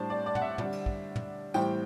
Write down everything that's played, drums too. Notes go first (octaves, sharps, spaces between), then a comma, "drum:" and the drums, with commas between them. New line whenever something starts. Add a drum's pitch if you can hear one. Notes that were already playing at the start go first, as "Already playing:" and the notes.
Already playing: A2 G3 D4 C5 A5
D5
D5
F#5, drum: tom
E5
D3 G3 D4, drum: tom
drum: cymbal
drum: kick
drum: tom
A2 E3 G3 C4 G5, drum: tambourine